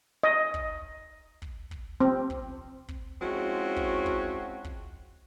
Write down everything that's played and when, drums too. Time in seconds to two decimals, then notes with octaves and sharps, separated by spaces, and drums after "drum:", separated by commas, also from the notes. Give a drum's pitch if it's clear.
0.23 D#5
0.54 drum: kick
1.42 drum: kick
1.71 drum: kick
2.00 C4
2.30 drum: kick
2.88 drum: kick
3.21 F3 G#3 C4 C#4 E4 F#4
3.76 drum: kick
4.06 drum: kick
4.64 drum: kick